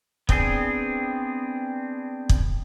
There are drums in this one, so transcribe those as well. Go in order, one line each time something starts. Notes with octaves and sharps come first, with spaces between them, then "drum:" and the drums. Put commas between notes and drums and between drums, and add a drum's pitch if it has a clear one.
B3 C4 D4 G#4, drum: kick
drum: kick